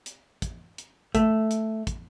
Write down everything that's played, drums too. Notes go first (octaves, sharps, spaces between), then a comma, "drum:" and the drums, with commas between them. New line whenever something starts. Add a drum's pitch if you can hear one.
drum: hi-hat
drum: kick, hi-hat
drum: hi-hat
A3, drum: kick, hi-hat
drum: hi-hat
drum: kick, hi-hat